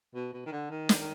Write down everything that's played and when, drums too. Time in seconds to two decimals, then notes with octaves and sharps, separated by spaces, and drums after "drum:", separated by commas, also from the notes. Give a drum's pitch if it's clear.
0.15 B2
0.33 B2
0.46 D#3
0.52 D3
0.70 D#3
0.89 drum: snare
0.99 D#3